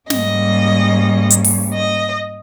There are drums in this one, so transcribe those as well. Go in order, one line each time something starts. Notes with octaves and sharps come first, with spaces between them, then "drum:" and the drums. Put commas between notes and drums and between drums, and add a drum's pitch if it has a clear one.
G#2 G3 A#3 C#4 D#5, drum: snare
drum: hi-hat
drum: open hi-hat
D#5